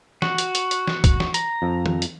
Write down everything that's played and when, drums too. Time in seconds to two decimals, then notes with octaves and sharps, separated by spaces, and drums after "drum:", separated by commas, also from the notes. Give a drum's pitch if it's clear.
0.22 F#4, drum: snare
0.38 drum: hi-hat
0.55 drum: hi-hat
0.71 drum: hi-hat
0.87 drum: snare
1.04 drum: kick, hi-hat
1.20 drum: snare
1.34 A#5, drum: hi-hat
1.62 F2
1.86 drum: tom
2.02 drum: hi-hat